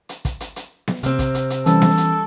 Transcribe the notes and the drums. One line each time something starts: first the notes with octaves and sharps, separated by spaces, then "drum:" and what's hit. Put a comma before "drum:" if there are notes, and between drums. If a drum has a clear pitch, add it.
drum: hi-hat
drum: kick, hi-hat
drum: hi-hat
drum: hi-hat
drum: snare B3
C3 C4 F6, drum: hi-hat
drum: kick, hi-hat
drum: hi-hat
drum: hi-hat
E3 G3 C#4 A4, drum: hi-hat
drum: snare B3
drum: hi-hat